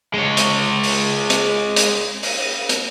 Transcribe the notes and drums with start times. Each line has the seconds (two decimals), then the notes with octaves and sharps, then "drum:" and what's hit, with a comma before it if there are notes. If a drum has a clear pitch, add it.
0.14 G#3 C#5
0.37 drum: hi-hat
0.84 drum: open hi-hat
1.30 drum: hi-hat
1.76 drum: hi-hat
2.23 drum: open hi-hat
2.69 drum: hi-hat